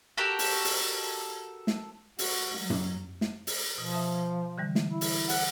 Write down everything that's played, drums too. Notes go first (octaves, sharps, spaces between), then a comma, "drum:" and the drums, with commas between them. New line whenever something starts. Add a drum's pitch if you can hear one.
F#4 G4 A4 A#4
drum: open hi-hat
drum: open hi-hat
drum: snare
F#4, drum: open hi-hat
F#3
drum: tom F#2
drum: snare
drum: open hi-hat
B2 F3
E5 A5 D#6
D3 E3 G3
drum: snare
E4
drum: open hi-hat
F#5, drum: open hi-hat